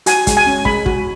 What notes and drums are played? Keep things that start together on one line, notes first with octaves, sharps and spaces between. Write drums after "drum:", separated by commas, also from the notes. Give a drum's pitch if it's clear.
F#4 G#5, drum: hi-hat
G#3, drum: kick, hi-hat
G#5
C#4
G#3 B5, drum: kick
F#4, drum: kick